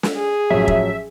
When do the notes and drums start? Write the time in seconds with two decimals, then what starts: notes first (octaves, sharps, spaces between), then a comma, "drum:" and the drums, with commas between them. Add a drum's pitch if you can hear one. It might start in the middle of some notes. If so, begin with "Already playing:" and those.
0.03 drum: snare
0.16 G#4
0.50 A1 F3 F#3 E5
0.68 drum: kick F1